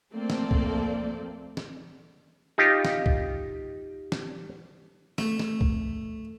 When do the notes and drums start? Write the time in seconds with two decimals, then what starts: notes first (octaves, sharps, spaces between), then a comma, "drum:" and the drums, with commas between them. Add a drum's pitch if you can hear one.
0.13 F3 A3 A#3 C4 A4 D5
0.30 drum: snare
0.51 drum: kick
1.57 drum: snare
2.58 D#4 F4 G4
2.85 drum: snare
3.06 drum: kick
4.12 drum: snare
5.18 A3, drum: snare
5.39 drum: snare
5.61 drum: kick